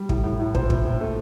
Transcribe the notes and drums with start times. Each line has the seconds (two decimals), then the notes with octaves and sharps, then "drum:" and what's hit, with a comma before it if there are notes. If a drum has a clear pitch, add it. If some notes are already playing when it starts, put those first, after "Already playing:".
Already playing: G3
0.09 A2, drum: kick
0.24 A2
0.39 A2
0.55 A#2 C5, drum: kick
0.70 A#2, drum: kick
0.85 A#2
1.01 A3